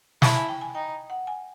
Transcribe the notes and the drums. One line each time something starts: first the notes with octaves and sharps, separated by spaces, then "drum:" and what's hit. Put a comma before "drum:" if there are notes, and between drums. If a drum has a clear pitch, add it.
E4 A5, drum: snare
G#5
G5
G#5
D#4 G5
F#5
G#5